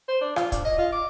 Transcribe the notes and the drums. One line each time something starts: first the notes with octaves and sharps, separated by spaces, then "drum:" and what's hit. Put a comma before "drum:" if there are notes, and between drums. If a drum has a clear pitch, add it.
C5
D4
F4, drum: rim click
D4, drum: kick, hi-hat
D#5
F4
D6